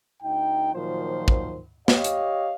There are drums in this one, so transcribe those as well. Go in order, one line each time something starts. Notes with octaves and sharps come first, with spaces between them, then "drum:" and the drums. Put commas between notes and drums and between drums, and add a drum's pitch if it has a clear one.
D2 D#4 G5
A#2 D#3 F3 F#3 C5
drum: kick
G4 C#5 D#5 F5, drum: snare
drum: hi-hat